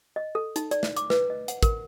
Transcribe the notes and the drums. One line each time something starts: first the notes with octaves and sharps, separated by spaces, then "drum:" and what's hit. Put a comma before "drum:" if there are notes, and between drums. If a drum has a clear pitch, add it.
D#5
A4
D#4, drum: hi-hat
D5, drum: hi-hat
drum: snare
D6, drum: hi-hat
B4, drum: snare
D#5
F#5, drum: hi-hat
A#4, drum: kick, hi-hat